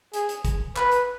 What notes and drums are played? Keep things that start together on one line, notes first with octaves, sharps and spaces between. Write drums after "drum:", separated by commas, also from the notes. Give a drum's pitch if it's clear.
G#4, drum: hi-hat
drum: hi-hat
drum: kick, hi-hat
B4, drum: clap
drum: hi-hat